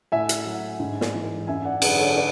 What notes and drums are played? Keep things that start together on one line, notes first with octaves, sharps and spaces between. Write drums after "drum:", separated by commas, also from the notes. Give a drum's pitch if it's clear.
A2 E5 G#5
drum: hi-hat
F#3
G#2
drum: snare
E3
F#2 E5 G#5
D5 F#5
D3 F#3 G#4 B4, drum: cymbal
A4 C#5
B4 D5